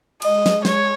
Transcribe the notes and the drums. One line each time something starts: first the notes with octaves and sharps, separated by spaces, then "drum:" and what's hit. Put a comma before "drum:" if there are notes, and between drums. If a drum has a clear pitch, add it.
G#3 D#5, drum: cymbal
drum: snare
G#3 C#5, drum: snare